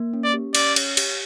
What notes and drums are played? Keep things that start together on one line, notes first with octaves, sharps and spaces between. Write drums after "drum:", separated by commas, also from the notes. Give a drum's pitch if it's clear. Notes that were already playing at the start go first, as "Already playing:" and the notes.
Already playing: A#3
C#4
D5
G4
C#4 D5, drum: cymbal
C#5, drum: cymbal
G4, drum: cymbal